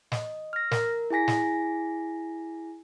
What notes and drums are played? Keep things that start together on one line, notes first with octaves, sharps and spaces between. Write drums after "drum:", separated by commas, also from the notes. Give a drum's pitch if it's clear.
D#5, drum: snare
F6 A#6
A#4, drum: snare
E4 G#4 G#5 A#6 B6
drum: snare